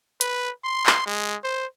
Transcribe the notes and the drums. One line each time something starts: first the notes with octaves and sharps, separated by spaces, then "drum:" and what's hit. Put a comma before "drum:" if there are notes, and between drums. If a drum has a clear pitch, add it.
B4, drum: hi-hat
C6
drum: clap
G#3
C5